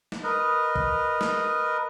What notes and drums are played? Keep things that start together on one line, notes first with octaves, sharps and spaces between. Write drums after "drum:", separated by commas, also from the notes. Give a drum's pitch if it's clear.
drum: snare
A#4 B4 D#5
drum: kick
drum: snare